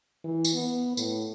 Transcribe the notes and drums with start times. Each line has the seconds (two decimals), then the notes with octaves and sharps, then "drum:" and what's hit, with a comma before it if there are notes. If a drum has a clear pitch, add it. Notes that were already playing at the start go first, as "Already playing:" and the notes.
0.25 E3
0.45 drum: tambourine
0.54 B3
0.97 A2, drum: tambourine